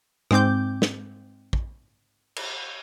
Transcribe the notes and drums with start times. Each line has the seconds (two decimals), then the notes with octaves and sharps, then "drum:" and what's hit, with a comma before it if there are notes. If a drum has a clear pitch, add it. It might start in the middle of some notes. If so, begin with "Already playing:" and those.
0.31 G#2 G#3 C4 D6 G6, drum: rim click
0.82 drum: snare
1.53 drum: kick
2.36 drum: cymbal